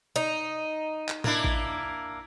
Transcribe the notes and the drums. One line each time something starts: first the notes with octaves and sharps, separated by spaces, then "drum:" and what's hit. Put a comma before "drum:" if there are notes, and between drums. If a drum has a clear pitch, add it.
D#4
drum: clap
A#3 D4 E4, drum: tom A2
drum: kick A1